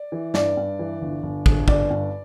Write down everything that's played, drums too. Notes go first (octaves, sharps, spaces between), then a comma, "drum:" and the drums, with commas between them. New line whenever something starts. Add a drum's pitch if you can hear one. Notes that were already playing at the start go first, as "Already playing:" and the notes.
Already playing: D5
E3
G2 D5, drum: snare
G2
E3
G1
G1
G1, drum: kick
G2 D5, drum: kick
G2